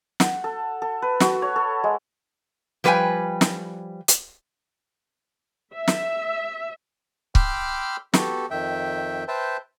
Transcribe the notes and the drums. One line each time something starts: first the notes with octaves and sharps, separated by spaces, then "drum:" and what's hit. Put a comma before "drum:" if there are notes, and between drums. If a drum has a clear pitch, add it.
F#5, drum: snare
A4
A4
B4
F#4, drum: snare
C#5
A4
G#3
F3 G3 B4 F5 G5 G#5
drum: snare
drum: hi-hat
E5
drum: snare
G5 B5 C6 D6 E6 F6, drum: kick C#1
B3 F#4 G4 A4, drum: snare
F2 D#3 E5 G5
B4 C5 E5 G5 A5